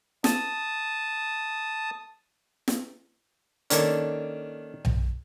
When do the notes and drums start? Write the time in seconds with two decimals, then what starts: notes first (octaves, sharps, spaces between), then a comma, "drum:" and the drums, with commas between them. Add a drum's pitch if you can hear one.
0.24 A5 D#6, drum: snare
2.68 drum: snare
3.70 D#3 A#3 C#4 D4 A4, drum: hi-hat
4.85 drum: tom B1